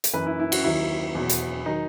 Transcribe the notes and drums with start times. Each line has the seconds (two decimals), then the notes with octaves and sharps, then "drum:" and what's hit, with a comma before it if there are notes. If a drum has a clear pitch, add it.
0.04 drum: hi-hat
0.14 F#2 E3 B4
0.27 E4
0.40 E4
0.52 F#4, drum: cymbal
0.64 D#2 D#3 F#3 E4
1.15 E2 B2 F#3
1.29 drum: hi-hat
1.66 D#3 F#3 D#4